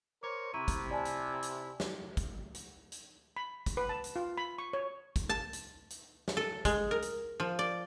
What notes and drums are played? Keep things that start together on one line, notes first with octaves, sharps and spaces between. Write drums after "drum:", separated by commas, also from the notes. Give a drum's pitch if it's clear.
A#4 C5 C#5 D6
C3 E4 A#5 C#6 D#7
drum: kick, hi-hat
D5 G#5 A5
drum: hi-hat
drum: hi-hat
drum: snare
drum: kick, hi-hat
drum: hi-hat
drum: hi-hat
B5
drum: kick, hi-hat
B4
A5
drum: hi-hat
F4
B5
C#6
C#5
drum: kick, hi-hat
A5
drum: hi-hat
drum: hi-hat
drum: snare
A4
G#3, drum: kick, hi-hat
A#4
drum: hi-hat
F3
D5